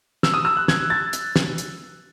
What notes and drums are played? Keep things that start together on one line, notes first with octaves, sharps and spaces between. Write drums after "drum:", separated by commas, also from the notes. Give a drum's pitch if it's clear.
E6, drum: snare
D#6
E6
F#6
G#6, drum: snare
A6
drum: hi-hat
drum: snare
drum: hi-hat